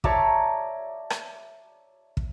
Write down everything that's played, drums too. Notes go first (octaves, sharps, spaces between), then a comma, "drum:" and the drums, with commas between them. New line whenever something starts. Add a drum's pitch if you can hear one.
C#5 D5 E5 A5 A#5 D6, drum: kick
drum: rim click
drum: kick